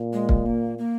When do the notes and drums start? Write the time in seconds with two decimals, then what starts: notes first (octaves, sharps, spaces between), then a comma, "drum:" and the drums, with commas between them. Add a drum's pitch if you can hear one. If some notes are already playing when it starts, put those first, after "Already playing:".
Already playing: A#2
0.13 G#3
0.29 drum: kick
0.46 A#3
0.78 A#3